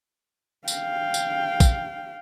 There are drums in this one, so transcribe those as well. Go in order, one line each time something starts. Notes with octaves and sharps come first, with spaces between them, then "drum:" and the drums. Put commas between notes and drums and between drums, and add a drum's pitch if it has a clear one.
F5 G5, drum: tambourine
drum: tambourine
drum: kick, tambourine